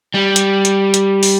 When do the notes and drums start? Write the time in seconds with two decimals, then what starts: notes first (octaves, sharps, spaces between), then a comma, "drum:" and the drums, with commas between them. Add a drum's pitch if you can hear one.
0.14 G3
0.36 drum: hi-hat
0.65 drum: hi-hat
0.94 drum: hi-hat
1.23 drum: open hi-hat